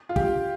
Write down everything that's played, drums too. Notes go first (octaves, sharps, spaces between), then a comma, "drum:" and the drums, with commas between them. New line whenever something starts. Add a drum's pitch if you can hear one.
F4
G4, drum: kick